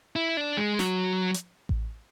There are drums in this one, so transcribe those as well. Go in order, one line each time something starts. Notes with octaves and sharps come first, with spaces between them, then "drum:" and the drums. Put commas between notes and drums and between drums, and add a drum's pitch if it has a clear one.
E4
D4
G#3
F#3, drum: snare
drum: hi-hat
drum: kick A1